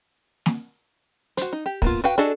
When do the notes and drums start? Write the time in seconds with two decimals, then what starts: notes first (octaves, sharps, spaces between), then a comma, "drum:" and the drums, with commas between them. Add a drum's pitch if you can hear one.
0.46 drum: snare
1.37 F#4 C5, drum: hi-hat
1.53 D#4
1.66 G4
1.82 A#3 B3 F4, drum: kick
2.04 F#4 B4 F5 G5
2.18 D4 F#4 G#4 A4 D#5